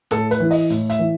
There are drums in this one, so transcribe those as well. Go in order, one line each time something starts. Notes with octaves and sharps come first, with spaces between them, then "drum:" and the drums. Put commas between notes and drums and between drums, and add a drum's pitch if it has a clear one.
A2 A4, drum: snare
B4, drum: hi-hat
E3
D#5, drum: open hi-hat
A2, drum: hi-hat
E5, drum: hi-hat
E3